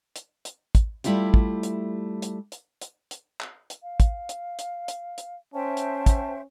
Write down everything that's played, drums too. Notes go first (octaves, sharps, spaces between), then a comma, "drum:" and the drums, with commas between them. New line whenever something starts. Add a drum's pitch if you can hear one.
drum: hi-hat
drum: hi-hat
drum: kick, hi-hat
G3 A3 E4 F4 G4, drum: hi-hat
drum: kick
drum: hi-hat
drum: hi-hat
drum: hi-hat
drum: hi-hat
drum: hi-hat
drum: clap
drum: hi-hat
F5
drum: kick, hi-hat
drum: hi-hat
drum: hi-hat
drum: hi-hat
drum: hi-hat
C#4 C5 E5 G5 A5
drum: hi-hat
drum: kick, hi-hat